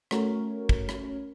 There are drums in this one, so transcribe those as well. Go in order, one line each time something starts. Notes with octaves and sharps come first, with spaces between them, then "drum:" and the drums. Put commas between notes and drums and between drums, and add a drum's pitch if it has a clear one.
A3 C#4 F#4 A#4 C#5, drum: rim click
drum: kick
drum: rim click